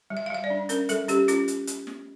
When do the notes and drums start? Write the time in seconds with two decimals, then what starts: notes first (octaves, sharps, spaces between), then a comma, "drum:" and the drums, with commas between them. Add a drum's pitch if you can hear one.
0.10 G3
0.17 E5
0.26 F5
0.30 G3 E5
0.44 D5
0.50 D4
0.69 C#4 A#4, drum: hi-hat
0.89 G3 A4, drum: hi-hat
1.08 C#4 G4, drum: hi-hat
1.28 C#4 F4, drum: hi-hat
1.48 drum: hi-hat
1.67 drum: hi-hat
1.87 drum: snare